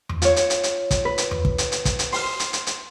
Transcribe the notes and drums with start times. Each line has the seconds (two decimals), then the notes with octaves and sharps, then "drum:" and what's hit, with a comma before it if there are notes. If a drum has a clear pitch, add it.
0.09 drum: tom E2
0.22 F4 C#5, drum: hi-hat
0.36 drum: hi-hat
0.50 drum: hi-hat
0.64 drum: hi-hat
0.91 drum: kick, hi-hat
1.05 B4
1.18 drum: hi-hat
1.31 drum: tom E2
1.45 drum: kick
1.58 drum: hi-hat
1.72 drum: hi-hat
1.85 drum: kick, hi-hat
1.99 drum: hi-hat
2.12 C6 F6, drum: open hi-hat
2.40 drum: hi-hat
2.53 drum: hi-hat
2.67 drum: hi-hat